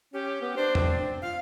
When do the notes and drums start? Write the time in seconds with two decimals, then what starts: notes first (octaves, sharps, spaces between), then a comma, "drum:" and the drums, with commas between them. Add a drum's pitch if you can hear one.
0.13 C#4 G4
0.41 B3
0.57 D4 C5
0.75 C4, drum: tom E2
1.22 F4 F5